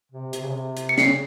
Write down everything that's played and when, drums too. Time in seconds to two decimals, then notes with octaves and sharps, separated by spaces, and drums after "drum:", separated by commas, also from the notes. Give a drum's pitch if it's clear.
0.12 C3
0.33 C3, drum: hi-hat
0.42 C#3
0.50 C3
0.77 drum: hi-hat
0.89 C#7
0.98 C#3 C7, drum: snare